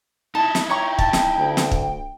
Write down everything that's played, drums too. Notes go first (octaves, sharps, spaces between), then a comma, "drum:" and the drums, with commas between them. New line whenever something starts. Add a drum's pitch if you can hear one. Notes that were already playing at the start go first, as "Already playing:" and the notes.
D#4 E4 A5
drum: snare
C#5 G5 A#5 C#6
A5, drum: kick
drum: snare
D2
drum: snare
drum: kick